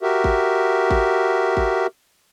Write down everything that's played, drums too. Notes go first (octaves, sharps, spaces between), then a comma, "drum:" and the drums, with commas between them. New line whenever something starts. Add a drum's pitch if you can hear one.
F#4 G4 A#4 E5
drum: kick G#1
drum: kick G#1
drum: kick G#1